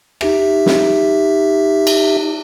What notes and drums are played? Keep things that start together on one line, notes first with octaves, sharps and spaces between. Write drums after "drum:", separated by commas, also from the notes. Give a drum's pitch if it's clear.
D#4 G4 E5, drum: rim click
drum: snare
drum: cymbal